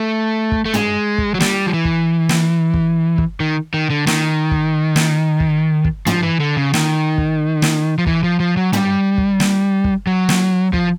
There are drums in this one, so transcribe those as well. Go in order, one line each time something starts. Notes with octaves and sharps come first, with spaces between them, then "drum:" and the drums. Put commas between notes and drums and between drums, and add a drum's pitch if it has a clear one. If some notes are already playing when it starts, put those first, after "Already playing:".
Already playing: A3
drum: kick
A3
G#3, drum: tom
drum: kick
F#3
G3, drum: snare
F3
E3
drum: kick
drum: snare
drum: kick
drum: kick
D#3
D#3
D3
D#3, drum: snare
drum: kick
drum: snare
drum: kick
drum: kick
F3, drum: tom
E3
D3
C#3
D#3, drum: snare
drum: kick
drum: snare
F3
E3, drum: kick
F3
F3
F#3
G3, drum: tom
drum: kick
drum: snare
drum: kick
F#3
drum: snare
F3, drum: kick